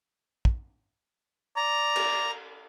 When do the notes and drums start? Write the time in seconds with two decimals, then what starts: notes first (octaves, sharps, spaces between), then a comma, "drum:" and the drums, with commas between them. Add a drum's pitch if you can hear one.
0.45 drum: kick
1.57 D5 A#5
1.96 drum: cymbal